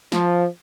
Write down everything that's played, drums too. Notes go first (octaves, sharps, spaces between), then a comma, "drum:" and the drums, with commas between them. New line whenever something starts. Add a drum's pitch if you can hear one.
F3, drum: snare